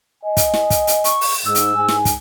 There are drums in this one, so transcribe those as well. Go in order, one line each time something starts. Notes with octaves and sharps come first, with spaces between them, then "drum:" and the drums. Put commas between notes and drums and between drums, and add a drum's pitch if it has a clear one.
D#5 G#5
drum: kick, hi-hat
drum: snare
drum: kick, hi-hat
drum: hi-hat
C#6, drum: hi-hat
drum: open hi-hat
G#2 E6
drum: hi-hat
G#2 G#5
drum: snare
drum: kick, hi-hat